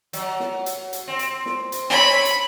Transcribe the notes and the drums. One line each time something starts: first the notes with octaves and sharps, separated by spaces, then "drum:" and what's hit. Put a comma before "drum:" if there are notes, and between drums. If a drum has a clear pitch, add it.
F#3, drum: hi-hat
drum: snare
drum: hi-hat
drum: hi-hat
C4
drum: hi-hat
drum: snare
drum: hi-hat
C4 C#5 B5
drum: hi-hat